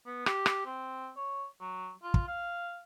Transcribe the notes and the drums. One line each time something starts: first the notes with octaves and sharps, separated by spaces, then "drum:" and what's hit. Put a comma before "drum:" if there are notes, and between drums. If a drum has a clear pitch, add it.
B3
G4, drum: rim click
drum: rim click
C4
C#5
F#3
F4
drum: kick
F5